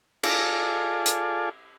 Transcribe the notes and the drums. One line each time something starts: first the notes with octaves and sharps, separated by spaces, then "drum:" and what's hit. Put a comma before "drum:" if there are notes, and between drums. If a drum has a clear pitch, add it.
F4 G#4 A4 D5, drum: cymbal
drum: hi-hat